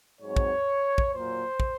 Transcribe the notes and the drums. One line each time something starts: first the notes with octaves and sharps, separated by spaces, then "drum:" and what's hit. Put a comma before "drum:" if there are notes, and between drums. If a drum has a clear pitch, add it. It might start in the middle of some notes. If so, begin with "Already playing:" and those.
G#2 F#3 C4 C#5
drum: kick
drum: kick
A#2 F#3 A#3 C5
drum: kick